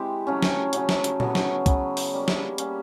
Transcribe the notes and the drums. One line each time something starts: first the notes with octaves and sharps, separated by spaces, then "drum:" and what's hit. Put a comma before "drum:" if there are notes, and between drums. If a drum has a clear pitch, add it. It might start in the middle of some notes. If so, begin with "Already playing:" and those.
Already playing: G#3 C4 E4 G4
C#3 F#3 A3 C#4
drum: snare
C#3 F#3 A3 C#4, drum: hi-hat
drum: snare
drum: hi-hat
C#3 F#3 B3, drum: tom A#2
drum: snare
C#3 F#3 B3, drum: kick, hi-hat
drum: open hi-hat
G3 A#3 C#4
drum: snare
G3 A#3 C#4, drum: hi-hat